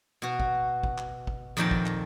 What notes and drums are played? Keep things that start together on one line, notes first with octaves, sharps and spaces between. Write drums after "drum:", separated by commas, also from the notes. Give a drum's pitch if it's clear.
B2 F#4
drum: kick G#1
drum: kick G#1
drum: clap
drum: kick G#1
F2 A#2 D#3 A#4 G5 A5
drum: kick G#1
drum: clap